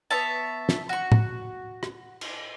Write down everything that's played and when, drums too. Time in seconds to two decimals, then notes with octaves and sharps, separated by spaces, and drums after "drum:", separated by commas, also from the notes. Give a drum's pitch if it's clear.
0.10 B3 C#5 E5 A5
0.69 drum: snare
0.89 F#4 C#6
1.12 drum: tom
1.83 drum: rim click
2.21 drum: cymbal